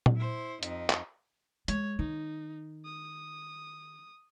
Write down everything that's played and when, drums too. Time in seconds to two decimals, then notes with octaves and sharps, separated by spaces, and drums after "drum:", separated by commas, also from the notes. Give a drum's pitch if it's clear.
0.06 drum: tom A#2
0.16 E4 C5
0.63 F2 D#4, drum: hi-hat
0.90 drum: clap
1.68 G#3 C#5, drum: hi-hat
1.99 D#3 D#4
2.85 D#6